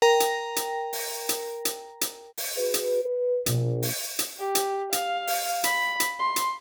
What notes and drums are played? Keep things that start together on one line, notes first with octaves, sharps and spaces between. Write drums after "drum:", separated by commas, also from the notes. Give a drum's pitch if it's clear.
A#4 G5 A#5 A#6
drum: hi-hat
drum: hi-hat
drum: open hi-hat
drum: hi-hat
drum: hi-hat
drum: hi-hat
drum: open hi-hat
F#4 G#4 B4
drum: hi-hat
B4
A#1 B2 F4, drum: hi-hat
drum: open hi-hat
drum: hi-hat
G4
drum: hi-hat
F5, drum: hi-hat
drum: open hi-hat
B5, drum: hi-hat
drum: hi-hat
C6
drum: hi-hat